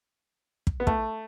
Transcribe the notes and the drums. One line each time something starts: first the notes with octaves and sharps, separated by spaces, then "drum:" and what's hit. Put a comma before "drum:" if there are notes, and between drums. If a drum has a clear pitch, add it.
drum: kick
B3
A3, drum: kick